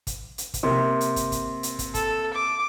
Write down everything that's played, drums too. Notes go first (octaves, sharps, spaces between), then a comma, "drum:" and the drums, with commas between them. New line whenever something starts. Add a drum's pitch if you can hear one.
drum: kick, hi-hat
drum: hi-hat
drum: kick, hi-hat
C3 A#3
drum: hi-hat
drum: kick, hi-hat
drum: kick, hi-hat
drum: hi-hat
drum: kick, hi-hat
A4, drum: kick, hi-hat
D6